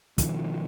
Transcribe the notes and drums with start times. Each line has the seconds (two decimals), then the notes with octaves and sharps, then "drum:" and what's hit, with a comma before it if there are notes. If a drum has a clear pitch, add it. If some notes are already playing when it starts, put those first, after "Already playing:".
0.18 B2 D#3 F3, drum: kick, hi-hat